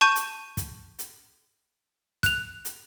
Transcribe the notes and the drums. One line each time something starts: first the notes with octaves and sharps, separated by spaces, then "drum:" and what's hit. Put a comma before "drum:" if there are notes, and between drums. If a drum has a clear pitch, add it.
A5 C#6 G6 D#7
drum: hi-hat
drum: kick, hi-hat
drum: hi-hat
F#6 F7, drum: kick, hi-hat
drum: hi-hat